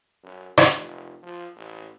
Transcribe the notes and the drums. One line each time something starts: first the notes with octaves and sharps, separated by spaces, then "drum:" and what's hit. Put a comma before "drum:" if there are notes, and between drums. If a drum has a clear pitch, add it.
F#2
F1, drum: rim click
F3
A1